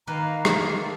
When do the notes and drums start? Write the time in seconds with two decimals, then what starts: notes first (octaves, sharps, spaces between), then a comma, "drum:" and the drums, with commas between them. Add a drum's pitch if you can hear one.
0.07 D#3 A#3 B4 F5 A#5
0.45 A#3, drum: rim click
0.60 A4